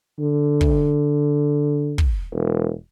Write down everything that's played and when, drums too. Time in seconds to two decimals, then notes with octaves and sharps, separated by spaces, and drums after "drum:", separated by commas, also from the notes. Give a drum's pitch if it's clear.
0.19 D3
0.61 drum: kick
1.98 drum: kick
2.32 E1